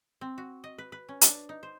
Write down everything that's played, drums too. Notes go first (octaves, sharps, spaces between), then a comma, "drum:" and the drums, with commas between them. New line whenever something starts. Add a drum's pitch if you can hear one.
C4
F#4
D#5
B4
B4
C#4
D4, drum: hi-hat
D#4
C5